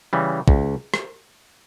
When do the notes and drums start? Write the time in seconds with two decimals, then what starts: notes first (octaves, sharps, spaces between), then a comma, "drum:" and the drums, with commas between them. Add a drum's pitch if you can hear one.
0.13 C#3 E3 G3
0.48 C#2, drum: kick
0.94 drum: rim click